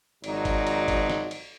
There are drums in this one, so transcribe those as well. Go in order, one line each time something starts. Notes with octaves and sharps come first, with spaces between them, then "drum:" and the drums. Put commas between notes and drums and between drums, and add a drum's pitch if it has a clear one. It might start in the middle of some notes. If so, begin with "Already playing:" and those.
G#1 F3 F#3 D#4 D5, drum: cymbal
drum: kick G1, cymbal
drum: cymbal
drum: kick G1, cymbal
drum: snare
drum: cymbal